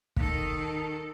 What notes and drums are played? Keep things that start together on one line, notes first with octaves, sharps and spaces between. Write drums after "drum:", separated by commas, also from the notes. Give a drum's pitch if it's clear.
D#3 A4, drum: kick